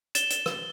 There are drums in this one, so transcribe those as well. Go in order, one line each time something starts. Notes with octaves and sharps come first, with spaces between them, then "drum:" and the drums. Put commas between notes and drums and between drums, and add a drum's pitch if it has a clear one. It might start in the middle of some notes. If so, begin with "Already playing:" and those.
A6 E7 G7, drum: hi-hat
drum: hi-hat
drum: rim click